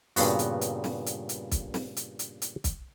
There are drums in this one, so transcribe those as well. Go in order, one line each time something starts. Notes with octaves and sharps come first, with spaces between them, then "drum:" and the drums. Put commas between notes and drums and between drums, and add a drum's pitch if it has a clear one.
G2 A#2 C#3 B3 F#4, drum: open hi-hat
drum: hi-hat
drum: hi-hat
drum: snare
drum: hi-hat
drum: hi-hat
drum: kick, hi-hat
drum: snare
drum: hi-hat
drum: hi-hat
drum: hi-hat
drum: kick, hi-hat